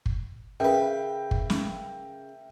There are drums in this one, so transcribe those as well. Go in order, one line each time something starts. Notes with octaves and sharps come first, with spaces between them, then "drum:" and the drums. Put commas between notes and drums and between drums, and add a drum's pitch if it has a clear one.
drum: kick
C#3 A#4 B4 E5 G5
drum: kick
drum: snare